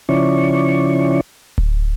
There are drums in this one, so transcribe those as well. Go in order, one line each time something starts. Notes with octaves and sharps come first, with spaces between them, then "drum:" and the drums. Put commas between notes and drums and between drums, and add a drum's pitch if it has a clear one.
C#3 F3 C#4 E4 D5 C#6
drum: kick D1